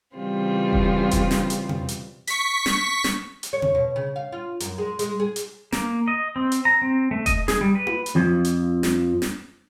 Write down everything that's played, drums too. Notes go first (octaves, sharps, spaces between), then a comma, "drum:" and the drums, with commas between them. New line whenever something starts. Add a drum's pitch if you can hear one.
C#3 E3 G3 C4 F4
drum: kick E1
drum: kick E1, hi-hat
drum: snare
drum: hi-hat
drum: tom B2
drum: hi-hat
C#6 B6, drum: hi-hat
drum: snare
drum: snare
drum: hi-hat
C#5
drum: tom B2
B2
C#3
F5
F4
F#2, drum: hi-hat
G#3
G#3, drum: hi-hat
G#4
drum: hi-hat
A#3, drum: snare
D#5
C4
drum: hi-hat
A#5
C4
A3
D#5, drum: kick E1, hi-hat
G#4, drum: snare
G3
B4
drum: tom E4
drum: hi-hat
F2 F3
drum: hi-hat
drum: snare
drum: snare